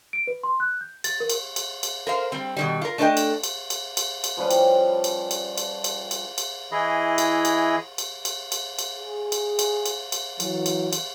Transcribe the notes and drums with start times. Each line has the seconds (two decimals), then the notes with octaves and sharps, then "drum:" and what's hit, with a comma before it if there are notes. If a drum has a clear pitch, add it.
0.13 D7
0.27 B4
0.43 C6
0.60 F#6
0.81 G6
1.04 A6, drum: cymbal
1.20 A#4
1.30 drum: cymbal
1.56 drum: cymbal
1.83 drum: cymbal
2.07 A#4 C5 F5
2.32 G3 C4
2.57 B2 D#3 G3
2.82 F4 A#4
2.98 A3 D4 A4 C5 D#5 G5
3.17 drum: cymbal
3.44 drum: cymbal
3.70 drum: cymbal
3.97 drum: cymbal
4.24 drum: cymbal
4.37 F3 G3 C#4 B4
4.51 drum: cymbal
5.04 drum: cymbal
5.31 drum: cymbal
5.58 drum: cymbal
5.84 drum: cymbal
6.11 drum: cymbal
6.38 drum: cymbal
6.72 E3 E4 G#4 D#5
7.18 drum: cymbal
7.45 drum: cymbal
7.98 drum: cymbal
8.25 drum: cymbal
8.52 drum: cymbal
8.79 drum: cymbal
8.99 G#4
9.32 drum: cymbal
9.59 drum: cymbal
9.86 drum: cymbal
10.12 drum: cymbal
10.40 E3 F#3, drum: cymbal
10.66 drum: cymbal
10.93 drum: cymbal